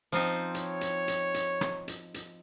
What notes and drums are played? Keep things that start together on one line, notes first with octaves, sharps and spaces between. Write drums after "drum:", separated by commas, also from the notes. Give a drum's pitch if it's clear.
F3 C4 D#4
C#5, drum: hi-hat
drum: hi-hat
drum: hi-hat
drum: hi-hat
drum: rim click
drum: hi-hat
drum: hi-hat